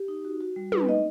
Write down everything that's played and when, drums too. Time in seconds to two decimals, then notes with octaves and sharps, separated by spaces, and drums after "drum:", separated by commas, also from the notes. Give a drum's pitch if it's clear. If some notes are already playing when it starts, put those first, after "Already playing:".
Already playing: G4
0.08 D#4
0.25 F#4
0.41 F#4
0.56 G3
0.72 D#4 B4, drum: tom
0.88 D#4 D#5